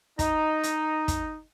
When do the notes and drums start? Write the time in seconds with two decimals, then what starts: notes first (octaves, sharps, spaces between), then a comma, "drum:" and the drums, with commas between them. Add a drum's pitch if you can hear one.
0.19 D#4, drum: kick, hi-hat
0.63 drum: hi-hat
1.08 drum: kick, hi-hat